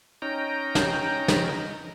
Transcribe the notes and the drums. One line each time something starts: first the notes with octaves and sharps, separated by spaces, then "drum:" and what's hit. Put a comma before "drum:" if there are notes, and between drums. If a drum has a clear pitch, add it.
C#4 D#4 G5 A#5
drum: snare
drum: snare